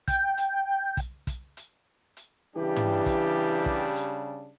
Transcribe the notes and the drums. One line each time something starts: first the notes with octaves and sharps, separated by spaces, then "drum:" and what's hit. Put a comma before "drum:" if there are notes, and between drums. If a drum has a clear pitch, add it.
G5, drum: kick, hi-hat
drum: hi-hat
drum: kick, hi-hat
drum: kick, hi-hat
drum: hi-hat
drum: hi-hat
C#3 E3 G3 D4 G4
drum: tom
drum: kick, hi-hat
drum: kick
drum: hi-hat